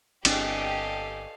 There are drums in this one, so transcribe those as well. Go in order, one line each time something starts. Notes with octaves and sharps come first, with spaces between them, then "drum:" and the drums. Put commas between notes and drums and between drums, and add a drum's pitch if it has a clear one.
G1 C4 D4 G4 A4 D#5 F5 G#5, drum: cymbal